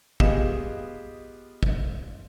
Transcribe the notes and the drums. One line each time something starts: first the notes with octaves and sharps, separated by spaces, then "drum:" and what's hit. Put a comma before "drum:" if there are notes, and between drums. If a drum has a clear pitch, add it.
B3 F4 G4 G#4 D#5 E7, drum: kick
drum: kick